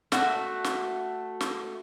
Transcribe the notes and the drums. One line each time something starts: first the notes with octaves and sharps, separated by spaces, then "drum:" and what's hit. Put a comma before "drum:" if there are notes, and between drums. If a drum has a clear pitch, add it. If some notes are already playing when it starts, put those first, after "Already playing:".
A3 F#4 E5, drum: snare
drum: snare
drum: snare